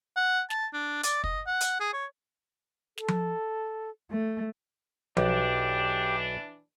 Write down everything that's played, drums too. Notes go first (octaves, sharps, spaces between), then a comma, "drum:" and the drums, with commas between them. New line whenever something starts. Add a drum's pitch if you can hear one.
F#5
A5, drum: snare
D4
D5, drum: hi-hat
D#5, drum: kick
F#5
drum: hi-hat
G#4
C#5
A4, drum: snare
drum: tom F3
A3
B1 E3 D4 G4, drum: tom F3